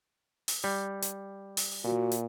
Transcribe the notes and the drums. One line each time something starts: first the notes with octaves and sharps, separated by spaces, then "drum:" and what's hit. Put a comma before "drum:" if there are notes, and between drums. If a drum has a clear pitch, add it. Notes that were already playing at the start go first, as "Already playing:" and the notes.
drum: open hi-hat
G3
drum: hi-hat
drum: open hi-hat
A#2 F#4
drum: hi-hat